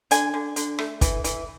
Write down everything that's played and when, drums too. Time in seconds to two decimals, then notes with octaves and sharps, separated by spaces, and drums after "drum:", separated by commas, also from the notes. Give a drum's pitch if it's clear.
0.11 D3 G#5, drum: hi-hat
0.34 D3
0.56 D3, drum: hi-hat
0.79 A3, drum: rim click
1.01 E3, drum: kick, hi-hat
1.24 E3, drum: hi-hat